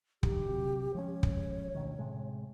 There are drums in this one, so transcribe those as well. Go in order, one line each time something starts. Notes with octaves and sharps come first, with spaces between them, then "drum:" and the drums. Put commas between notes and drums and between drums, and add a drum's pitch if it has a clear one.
F#2 D3 G4, drum: kick
C3 F#3
F3 G#3 C#4 C#5
drum: kick
D2 B2 D#3
A2 C3 G#3